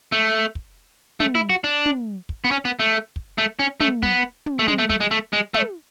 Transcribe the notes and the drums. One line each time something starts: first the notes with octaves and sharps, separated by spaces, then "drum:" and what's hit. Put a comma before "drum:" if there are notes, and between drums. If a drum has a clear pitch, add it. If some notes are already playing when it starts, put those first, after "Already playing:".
A3
drum: kick
A3, drum: tom
E4
F#4
D4
drum: tom
drum: kick
B3
C#4
B3
A3
drum: kick
A3
C#4
A3, drum: tom
B3, drum: kick
drum: tom
A3
G#3, drum: tom
A3
A3, drum: kick
G#3
A3
G#3
A3, drum: tom